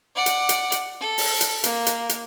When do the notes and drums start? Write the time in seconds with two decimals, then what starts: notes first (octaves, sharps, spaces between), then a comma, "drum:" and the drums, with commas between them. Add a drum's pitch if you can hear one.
0.16 D5 F#5
0.26 drum: hi-hat
0.49 drum: hi-hat
0.72 drum: hi-hat
1.01 A4
1.18 drum: open hi-hat
1.41 drum: hi-hat
1.64 A#3, drum: hi-hat
1.87 drum: hi-hat
2.09 drum: hi-hat